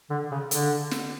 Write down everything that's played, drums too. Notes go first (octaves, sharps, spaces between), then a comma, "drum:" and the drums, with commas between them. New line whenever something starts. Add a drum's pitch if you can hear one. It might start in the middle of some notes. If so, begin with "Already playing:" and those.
D3
C#3
D3, drum: hi-hat
drum: snare